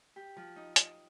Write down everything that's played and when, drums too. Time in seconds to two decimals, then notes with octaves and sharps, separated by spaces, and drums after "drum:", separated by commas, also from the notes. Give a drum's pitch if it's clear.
0.16 G4
0.37 F3
0.56 D#4
0.76 D#4, drum: hi-hat